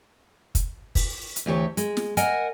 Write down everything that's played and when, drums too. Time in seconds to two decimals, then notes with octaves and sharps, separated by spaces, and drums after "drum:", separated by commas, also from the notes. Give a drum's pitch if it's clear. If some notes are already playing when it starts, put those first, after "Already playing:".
0.55 drum: kick, hi-hat
0.95 drum: kick, open hi-hat
1.36 drum: hi-hat
1.46 D2 E3 G4 C#5
1.77 G#3, drum: hi-hat
1.97 drum: snare
2.17 A#4 D#5 F#5 G#5, drum: hi-hat